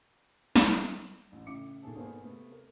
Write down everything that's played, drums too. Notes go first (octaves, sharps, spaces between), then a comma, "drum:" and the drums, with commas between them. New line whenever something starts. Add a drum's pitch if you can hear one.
drum: snare
A1
A2 C#3 E5 D6 C#7
B2 D#3 G#4 A4
G#1 A#3 B3 G#4 C5 G#5
C3 A3 B3
A#4